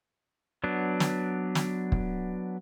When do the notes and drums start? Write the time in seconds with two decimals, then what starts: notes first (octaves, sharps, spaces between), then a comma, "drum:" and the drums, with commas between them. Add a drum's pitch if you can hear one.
0.64 F#3 B3 D4
1.00 drum: snare
1.55 drum: snare
1.92 drum: kick